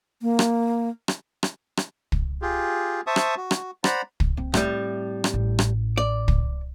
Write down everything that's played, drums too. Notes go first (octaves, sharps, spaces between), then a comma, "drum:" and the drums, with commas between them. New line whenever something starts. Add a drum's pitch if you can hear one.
A#3
drum: rim click
drum: rim click
drum: rim click
drum: rim click
drum: kick
F4 G4 G#4
C5 E5 A5 C#6 D#6
drum: rim click
F#4
drum: rim click
C5 D5 F#5 A#5 B5, drum: rim click
drum: kick
C4
A2 G3, drum: rim click
drum: rim click
A1
drum: rim click
D5
drum: kick